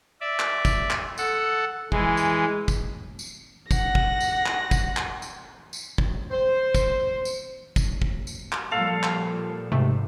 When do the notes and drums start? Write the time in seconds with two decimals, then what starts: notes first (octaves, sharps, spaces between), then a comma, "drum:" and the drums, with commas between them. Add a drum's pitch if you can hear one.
0.21 D5 E5
0.39 drum: clap
0.65 drum: kick, tambourine
0.90 drum: clap
1.18 A4 F#5, drum: tambourine
1.92 E3 G#3, drum: kick
2.17 drum: tambourine
2.68 drum: kick, tambourine
3.19 drum: tambourine
3.71 F#5 A#6, drum: kick, tambourine
3.95 drum: kick
4.20 drum: tambourine
4.46 drum: clap
4.71 drum: kick, tambourine
4.97 drum: clap
5.22 drum: tambourine
5.73 drum: tambourine
5.98 drum: kick
6.31 C5
6.75 drum: kick, tambourine
7.25 drum: tambourine
7.76 drum: kick, tambourine
8.02 drum: kick
8.27 drum: tambourine
8.52 drum: clap
8.71 A#2 F3 G3 A4 F5
9.03 drum: clap
9.72 G#1 G#2 C3 A3